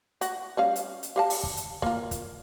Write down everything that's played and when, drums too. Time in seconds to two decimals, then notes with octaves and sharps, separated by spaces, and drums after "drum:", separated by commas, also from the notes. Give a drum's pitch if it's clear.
0.21 F#4, drum: hi-hat
0.57 G3 C#4 F5
0.76 drum: hi-hat
1.03 drum: hi-hat
1.16 G4 F5 A5
1.30 drum: open hi-hat
1.43 drum: kick
1.57 drum: hi-hat
1.82 A#3 F4, drum: kick
2.11 drum: kick, hi-hat